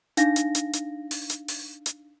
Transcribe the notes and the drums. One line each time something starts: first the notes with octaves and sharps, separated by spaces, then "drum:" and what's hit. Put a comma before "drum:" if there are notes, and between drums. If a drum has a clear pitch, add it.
D4 D#4 F5 A#6, drum: hi-hat
drum: hi-hat
drum: hi-hat
drum: hi-hat
drum: open hi-hat
drum: hi-hat
drum: open hi-hat
drum: hi-hat